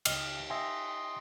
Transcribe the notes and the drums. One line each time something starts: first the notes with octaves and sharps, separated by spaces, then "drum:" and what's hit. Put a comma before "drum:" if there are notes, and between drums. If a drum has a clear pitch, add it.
C#2 D#5 F6, drum: cymbal
D#5 E5 G5 G#5 C6